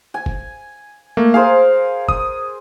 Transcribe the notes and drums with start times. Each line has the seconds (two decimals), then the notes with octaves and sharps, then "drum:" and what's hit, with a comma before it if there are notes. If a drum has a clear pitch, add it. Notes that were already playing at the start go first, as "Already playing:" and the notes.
0.14 G#5
0.26 drum: kick F#1
1.17 A3 A#3
1.34 G#4 A#4 C5 F5
2.09 D#6, drum: kick F#1